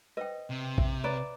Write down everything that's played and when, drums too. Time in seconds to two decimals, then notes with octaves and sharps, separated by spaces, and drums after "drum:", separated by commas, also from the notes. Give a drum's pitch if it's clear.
0.17 B4 C5 D#5 G5
0.50 C3
0.78 E5, drum: kick A#1
1.04 B4 C#5 D5 A#5